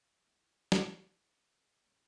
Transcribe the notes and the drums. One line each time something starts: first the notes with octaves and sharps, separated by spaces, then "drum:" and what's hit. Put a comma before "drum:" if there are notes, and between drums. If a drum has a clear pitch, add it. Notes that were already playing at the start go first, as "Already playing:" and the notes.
Already playing: C#4 F4
E3 G#3 C#4 E4 G4
drum: snare
G#3 C4 E4
A2 E3 G#3 C#4